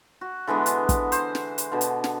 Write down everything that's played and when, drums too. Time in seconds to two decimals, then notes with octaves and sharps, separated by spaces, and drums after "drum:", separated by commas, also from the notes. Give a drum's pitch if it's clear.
0.21 F#4
0.47 D3 E3 G#3 B3
0.66 drum: hi-hat
0.89 drum: kick, hi-hat
1.12 C5, drum: hi-hat
1.35 drum: snare
1.58 drum: hi-hat
1.72 B2 D3
1.81 drum: hi-hat
2.04 drum: snare